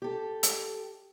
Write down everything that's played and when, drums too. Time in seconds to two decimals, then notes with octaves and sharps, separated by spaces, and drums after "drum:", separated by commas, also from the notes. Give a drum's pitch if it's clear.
0.02 G4 A4
0.43 drum: hi-hat